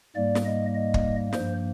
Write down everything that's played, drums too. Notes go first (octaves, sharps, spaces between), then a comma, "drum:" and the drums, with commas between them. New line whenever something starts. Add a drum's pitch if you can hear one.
G#2 G3 A#3 D5
drum: snare
D#5
D#5
drum: kick
G2 F3 A#3 C5, drum: snare